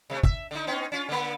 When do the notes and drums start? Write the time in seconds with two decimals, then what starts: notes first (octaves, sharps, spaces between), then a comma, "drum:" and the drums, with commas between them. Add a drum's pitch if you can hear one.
0.10 C3 G#3 A3
0.23 E5, drum: kick
0.51 D3 D#4
0.67 B3 C#4 D#4
0.92 C#4 F4
1.09 D3 A#3